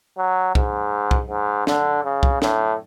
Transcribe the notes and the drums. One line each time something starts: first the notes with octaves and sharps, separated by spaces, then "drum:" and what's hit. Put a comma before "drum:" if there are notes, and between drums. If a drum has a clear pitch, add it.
F#3
G#2, drum: kick C2
drum: kick C2
G#2
D3, drum: snare
C#3
drum: kick C2
A2, drum: snare